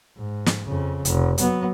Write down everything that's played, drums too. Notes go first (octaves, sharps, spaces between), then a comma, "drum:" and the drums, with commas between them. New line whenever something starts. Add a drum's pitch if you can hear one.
G#2
drum: snare
F2 C#3
F1, drum: hi-hat
F#3 B3, drum: hi-hat